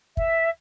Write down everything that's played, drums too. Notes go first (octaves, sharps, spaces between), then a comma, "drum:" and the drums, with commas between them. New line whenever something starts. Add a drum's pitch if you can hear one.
E5, drum: kick